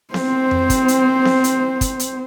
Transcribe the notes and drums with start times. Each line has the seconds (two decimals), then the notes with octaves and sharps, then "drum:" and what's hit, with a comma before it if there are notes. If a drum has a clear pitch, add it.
0.14 C4 C5, drum: snare B3
0.51 drum: tom F2
0.70 drum: kick, hi-hat
0.88 drum: hi-hat
1.25 drum: snare B3
1.44 drum: hi-hat
1.81 drum: kick, hi-hat
1.99 drum: hi-hat